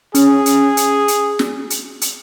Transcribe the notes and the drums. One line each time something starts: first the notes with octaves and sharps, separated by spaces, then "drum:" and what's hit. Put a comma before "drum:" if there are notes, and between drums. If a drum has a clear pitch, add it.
C#4 G#4, drum: hi-hat
drum: hi-hat
drum: hi-hat
drum: hi-hat
drum: snare
drum: hi-hat
drum: hi-hat